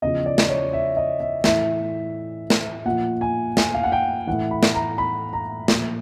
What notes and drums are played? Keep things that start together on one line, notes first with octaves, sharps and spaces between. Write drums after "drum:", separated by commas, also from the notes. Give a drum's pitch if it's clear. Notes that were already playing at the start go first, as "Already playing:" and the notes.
E2 C#3 F3 D#5
D5
drum: snare
C#5
E5
D#5
E5
A2 E3 E5, drum: snare
drum: snare
A#2 F3 F#5
G#5
G#5, drum: snare
F5
F#5
G5
A2 E3 F#5
B5
drum: snare
A#5
B5
A#5
A#2 F3, drum: snare